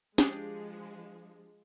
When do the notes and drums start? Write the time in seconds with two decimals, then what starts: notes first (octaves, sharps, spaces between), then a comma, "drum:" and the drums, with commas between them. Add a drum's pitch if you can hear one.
0.18 F3 G#3 D4 G4 G#4, drum: snare